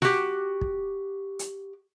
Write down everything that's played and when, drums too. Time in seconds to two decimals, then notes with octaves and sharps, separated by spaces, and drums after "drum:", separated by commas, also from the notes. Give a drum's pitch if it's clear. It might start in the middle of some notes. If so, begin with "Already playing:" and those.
0.02 F#4 G4, drum: snare
0.61 drum: kick
1.39 drum: hi-hat